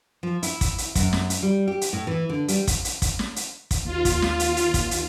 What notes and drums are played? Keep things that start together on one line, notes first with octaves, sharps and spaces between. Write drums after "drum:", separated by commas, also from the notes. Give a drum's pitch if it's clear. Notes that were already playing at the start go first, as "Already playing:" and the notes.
F3
E4, drum: hi-hat
drum: kick, hi-hat
drum: hi-hat
F#2, drum: kick, hi-hat
drum: snare
drum: hi-hat
G3
G4
drum: hi-hat
A2
E3
D3
G3, drum: hi-hat
drum: kick, hi-hat
drum: hi-hat
drum: kick, hi-hat
drum: snare
drum: hi-hat
drum: kick, hi-hat
D#2 F4
drum: kick, hi-hat
drum: snare
drum: hi-hat
drum: hi-hat
drum: kick, hi-hat
drum: hi-hat